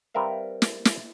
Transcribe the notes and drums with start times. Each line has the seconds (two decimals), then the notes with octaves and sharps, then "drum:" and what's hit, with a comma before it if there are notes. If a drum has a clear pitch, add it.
0.14 G3 C4 A#4 B4 E5 F5
0.62 drum: snare
0.85 drum: snare